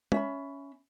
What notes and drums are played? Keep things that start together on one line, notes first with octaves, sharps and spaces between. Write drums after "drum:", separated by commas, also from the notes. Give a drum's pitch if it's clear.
C#4 E5 B5, drum: tom